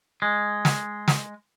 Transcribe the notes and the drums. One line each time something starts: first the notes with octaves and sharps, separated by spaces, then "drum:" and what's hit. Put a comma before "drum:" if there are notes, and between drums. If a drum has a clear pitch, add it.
G#3
drum: snare
drum: snare